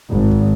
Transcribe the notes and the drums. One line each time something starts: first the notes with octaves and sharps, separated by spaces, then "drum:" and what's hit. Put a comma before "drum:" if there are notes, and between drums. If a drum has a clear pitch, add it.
G#1
drum: kick G1